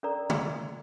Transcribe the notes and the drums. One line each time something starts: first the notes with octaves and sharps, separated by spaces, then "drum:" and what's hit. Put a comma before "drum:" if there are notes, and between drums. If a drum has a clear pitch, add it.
C#4 A4 A#4 D5 A#5
drum: tom